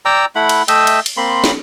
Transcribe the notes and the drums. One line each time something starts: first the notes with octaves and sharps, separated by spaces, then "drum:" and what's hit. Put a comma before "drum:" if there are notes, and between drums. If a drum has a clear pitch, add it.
D5 G5 A#5 E6
A3 E4 F#5 B5
drum: cymbal
A3 D#5 E5 G5, drum: cymbal
drum: cymbal
drum: cymbal
A#3 C4 B5 C6
drum: snare